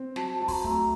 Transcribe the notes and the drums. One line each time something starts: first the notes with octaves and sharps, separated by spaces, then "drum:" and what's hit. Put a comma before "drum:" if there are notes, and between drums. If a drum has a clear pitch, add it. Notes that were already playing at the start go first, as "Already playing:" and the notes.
Already playing: C4
F#3 A5, drum: snare
A5
F#3
C6, drum: kick, open hi-hat
A#5
A3, drum: kick